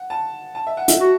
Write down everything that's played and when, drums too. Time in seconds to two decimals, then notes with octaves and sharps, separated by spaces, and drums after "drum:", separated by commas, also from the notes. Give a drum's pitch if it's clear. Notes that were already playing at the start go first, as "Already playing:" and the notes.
Already playing: F#5
0.10 A5
0.55 A5
0.67 E5
0.77 F#5
0.88 E5, drum: hi-hat
1.00 F#4